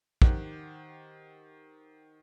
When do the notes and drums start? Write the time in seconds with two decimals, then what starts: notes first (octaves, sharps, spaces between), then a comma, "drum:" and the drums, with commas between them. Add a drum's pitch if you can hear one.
0.22 D#3 G4 C5 F#5 F#6, drum: kick